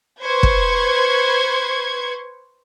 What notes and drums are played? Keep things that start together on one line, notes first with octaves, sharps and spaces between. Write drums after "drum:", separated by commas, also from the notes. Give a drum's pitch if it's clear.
B4 C5 C#6 G#6
drum: kick